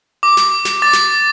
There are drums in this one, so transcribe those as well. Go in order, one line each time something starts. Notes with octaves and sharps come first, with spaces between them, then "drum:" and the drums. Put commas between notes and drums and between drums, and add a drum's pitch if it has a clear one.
D6
drum: snare
drum: snare
D6 A6
drum: snare